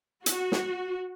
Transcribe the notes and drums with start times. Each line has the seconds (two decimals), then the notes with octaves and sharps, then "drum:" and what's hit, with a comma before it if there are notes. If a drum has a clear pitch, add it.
0.26 F#4, drum: hi-hat
0.52 drum: snare